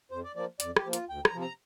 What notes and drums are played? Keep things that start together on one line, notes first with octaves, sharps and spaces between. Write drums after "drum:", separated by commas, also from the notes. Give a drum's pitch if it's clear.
F2 C5
D5
F3 A#3 D5
F2 D5, drum: hi-hat
G4, drum: rim click
F3 A#3
F4, drum: hi-hat
D2 G5
A#5, drum: rim click
C3 F3
A#5